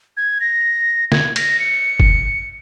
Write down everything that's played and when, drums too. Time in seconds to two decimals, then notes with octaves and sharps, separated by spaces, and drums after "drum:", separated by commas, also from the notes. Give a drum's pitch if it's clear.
0.17 G#6
0.40 A#6
1.12 G#6, drum: snare
1.36 A#6, drum: cymbal
1.59 C#7
2.00 drum: kick F#1